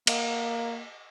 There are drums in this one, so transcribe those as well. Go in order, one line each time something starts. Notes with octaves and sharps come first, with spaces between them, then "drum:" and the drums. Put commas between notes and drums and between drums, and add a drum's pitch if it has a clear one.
A#3, drum: cymbal